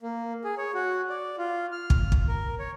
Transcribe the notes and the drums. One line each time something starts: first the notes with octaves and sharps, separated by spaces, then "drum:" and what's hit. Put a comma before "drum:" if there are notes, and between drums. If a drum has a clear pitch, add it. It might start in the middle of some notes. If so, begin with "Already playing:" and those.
A#3
G#4
C#5
F#4
D5
F4
F6
drum: kick
drum: kick
A#4
C#5